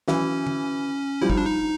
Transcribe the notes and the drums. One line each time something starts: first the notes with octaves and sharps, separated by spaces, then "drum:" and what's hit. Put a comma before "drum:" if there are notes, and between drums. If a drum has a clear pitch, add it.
E3 F#3 C#4, drum: snare
drum: tom
F3 G3 E4
D#4, drum: kick
D4
D#4